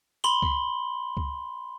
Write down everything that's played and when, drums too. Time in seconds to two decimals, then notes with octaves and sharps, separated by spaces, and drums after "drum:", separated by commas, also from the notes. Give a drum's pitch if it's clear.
0.24 B5 C6 F#7 G7
0.42 drum: kick C#2
1.17 drum: kick C#2